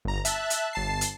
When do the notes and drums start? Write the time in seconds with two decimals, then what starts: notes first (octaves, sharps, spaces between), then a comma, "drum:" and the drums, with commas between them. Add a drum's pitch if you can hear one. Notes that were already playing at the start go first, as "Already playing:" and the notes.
0.05 G1 A#5
0.25 E5 A5 F#6, drum: hi-hat
0.50 drum: hi-hat
0.73 G1 A5 C7
1.01 drum: hi-hat